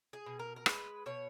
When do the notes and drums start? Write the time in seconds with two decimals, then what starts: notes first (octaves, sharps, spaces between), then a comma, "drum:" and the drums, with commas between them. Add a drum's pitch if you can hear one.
0.13 G#4
0.26 B2
0.39 A#4
0.56 A#4
0.66 G#3 B4, drum: rim click
1.06 B2 C#5